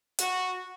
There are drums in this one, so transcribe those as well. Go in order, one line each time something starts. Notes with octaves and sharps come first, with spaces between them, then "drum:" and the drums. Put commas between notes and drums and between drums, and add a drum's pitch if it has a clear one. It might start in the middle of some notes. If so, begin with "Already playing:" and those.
F#4, drum: hi-hat